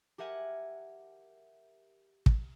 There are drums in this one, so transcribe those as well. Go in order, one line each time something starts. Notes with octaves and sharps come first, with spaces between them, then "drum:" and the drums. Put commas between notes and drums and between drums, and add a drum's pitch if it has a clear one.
G4 A#4 E5 F#5 G#5
drum: kick